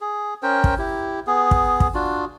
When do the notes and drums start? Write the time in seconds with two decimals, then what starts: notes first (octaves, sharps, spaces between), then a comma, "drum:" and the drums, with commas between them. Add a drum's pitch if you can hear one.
0.01 G#4
0.43 C#4 A#4 C5 G5
0.64 drum: kick
0.78 E4 G4
1.27 B3 G#4
1.51 drum: kick
1.80 drum: kick
1.94 D4 F4 F#4